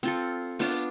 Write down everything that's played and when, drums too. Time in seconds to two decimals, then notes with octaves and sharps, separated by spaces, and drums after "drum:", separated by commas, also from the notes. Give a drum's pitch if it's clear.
0.03 C4 F4 A4, drum: hi-hat
0.59 B3 D4 F4, drum: open hi-hat